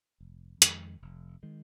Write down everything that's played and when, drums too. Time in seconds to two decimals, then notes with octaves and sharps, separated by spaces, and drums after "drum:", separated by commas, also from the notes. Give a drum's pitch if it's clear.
0.20 F1
0.62 F2 D#3 G#3, drum: hi-hat
1.02 F1
1.43 D#3 G#3